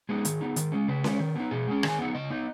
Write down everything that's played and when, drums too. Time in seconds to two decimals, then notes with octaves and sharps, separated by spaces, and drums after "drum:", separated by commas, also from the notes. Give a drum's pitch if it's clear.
0.09 G#3 B3 D#4 G#4
0.25 D#3, drum: hi-hat
0.41 B3 D#4
0.56 D#3, drum: hi-hat
0.72 G#3 C#4
0.88 C#3 B4
1.04 G#3 C#4, drum: snare C#4
1.20 D#3
1.35 B3 D#4
1.51 B2 G#4
1.67 G#3 C#4
1.83 D#3, drum: rim click
1.88 G#5
1.99 B3 D#4 F#5
2.15 C#3 D#5
2.31 B3 D#4